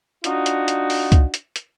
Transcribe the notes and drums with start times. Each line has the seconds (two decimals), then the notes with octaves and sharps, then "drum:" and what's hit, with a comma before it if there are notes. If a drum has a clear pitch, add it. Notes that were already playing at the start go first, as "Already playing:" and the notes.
0.24 D4 D#4 F4 F#4, drum: hi-hat
0.46 drum: hi-hat
0.68 drum: hi-hat
0.90 drum: open hi-hat
1.12 drum: kick C#2, hi-hat
1.34 drum: hi-hat
1.56 drum: hi-hat